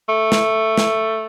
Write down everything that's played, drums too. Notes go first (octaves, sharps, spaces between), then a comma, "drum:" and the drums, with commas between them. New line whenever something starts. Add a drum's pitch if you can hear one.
A3
drum: snare
drum: snare